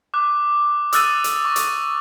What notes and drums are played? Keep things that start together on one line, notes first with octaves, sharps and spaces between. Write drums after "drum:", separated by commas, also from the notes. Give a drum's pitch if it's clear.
D6 F#6
D#6 E6 F#6 A6 D#7, drum: hi-hat
drum: hi-hat
C#6
drum: hi-hat